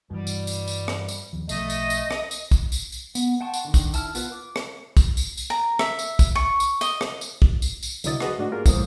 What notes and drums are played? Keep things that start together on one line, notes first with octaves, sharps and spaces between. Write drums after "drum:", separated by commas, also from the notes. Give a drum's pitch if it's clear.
G2 B2 E3 G3
drum: tambourine
drum: tambourine
drum: tambourine
drum: rim click
drum: tambourine
D#2 F3
B1 F3 A3 D#5, drum: tambourine
drum: tambourine
drum: tambourine
drum: rim click
drum: tambourine
drum: kick, tambourine
drum: tambourine
drum: tambourine
B3, drum: tambourine
F#5 G5 A5 C6 C#6
drum: tambourine
D3 D#3
drum: kick, tambourine
E4 A5 F6, drum: tambourine
B3 F4 A#4 B4, drum: tambourine
D6
drum: rim click
drum: kick, tambourine
drum: tambourine
drum: tambourine
A#5
E5, drum: rim click
drum: tambourine
drum: kick, tambourine
C#6
drum: tambourine
D#5, drum: tambourine
drum: rim click
drum: tambourine
drum: kick
drum: tambourine
drum: tambourine
C2 D3 F#3 E4 D#5 A6, drum: tambourine
F#4 G#4 B4 D#5, drum: rim click
G#2 A3 D4 F#4
A#3 F4 G4 G#4 A#4
A2 E3 G3 A#3 C5 D#6, drum: kick, tambourine